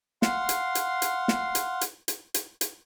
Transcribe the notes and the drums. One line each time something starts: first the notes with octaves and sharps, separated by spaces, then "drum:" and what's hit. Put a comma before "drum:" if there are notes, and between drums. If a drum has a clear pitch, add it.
F5 F#5 C6, drum: snare
drum: hi-hat
drum: hi-hat
drum: hi-hat
drum: snare
drum: hi-hat
drum: hi-hat
drum: hi-hat
drum: hi-hat
drum: hi-hat